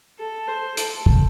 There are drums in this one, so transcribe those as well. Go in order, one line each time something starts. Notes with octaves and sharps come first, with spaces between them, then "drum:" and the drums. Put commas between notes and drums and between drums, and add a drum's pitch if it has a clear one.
A4
C5
A4, drum: hi-hat
drum: kick